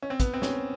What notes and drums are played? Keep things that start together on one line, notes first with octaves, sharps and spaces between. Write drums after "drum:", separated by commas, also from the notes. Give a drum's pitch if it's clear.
C#4
C4
B3, drum: kick, hi-hat
C4
C#4, drum: snare